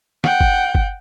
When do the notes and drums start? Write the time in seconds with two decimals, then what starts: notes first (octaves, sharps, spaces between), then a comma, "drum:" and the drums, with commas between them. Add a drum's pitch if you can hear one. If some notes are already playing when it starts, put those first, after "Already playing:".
0.24 F#5 G5, drum: snare
0.40 drum: kick G1
0.75 drum: kick G1